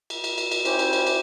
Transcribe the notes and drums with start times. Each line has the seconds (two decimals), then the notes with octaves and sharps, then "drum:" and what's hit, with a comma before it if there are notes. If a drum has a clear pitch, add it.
0.10 drum: cymbal
0.24 drum: cymbal
0.38 drum: cymbal
0.51 drum: cymbal
0.65 C#4 E4 G4 C5, drum: cymbal
0.79 drum: cymbal
0.93 drum: cymbal
1.07 drum: cymbal